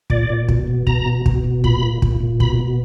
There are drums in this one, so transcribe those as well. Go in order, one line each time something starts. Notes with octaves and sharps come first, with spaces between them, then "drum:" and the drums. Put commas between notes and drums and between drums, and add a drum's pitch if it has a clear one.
A#2 D5, drum: kick
A#2
B2, drum: kick
B2
B2 A#5, drum: kick
B2
B2, drum: kick
B2
A#2 B5, drum: kick
A#2
A#2, drum: kick
A#2
B2 B5, drum: kick
B2